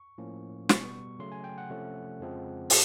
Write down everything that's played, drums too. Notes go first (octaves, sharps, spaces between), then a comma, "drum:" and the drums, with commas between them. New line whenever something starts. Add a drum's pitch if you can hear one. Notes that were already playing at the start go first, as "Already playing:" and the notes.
Already playing: C#6
A2 F3 A#3 C#4
B2 G3 B3 C#6, drum: snare
C#3 F#3 A3 C6
G#5
G5
F#5
C3 F3 A3 C#4
F2 C#3 F3 G#3 C4
A2, drum: open hi-hat